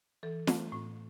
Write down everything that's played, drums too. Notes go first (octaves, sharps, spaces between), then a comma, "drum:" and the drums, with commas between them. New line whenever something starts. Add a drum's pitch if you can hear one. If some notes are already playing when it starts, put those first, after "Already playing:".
E3 A4
A3, drum: snare
A2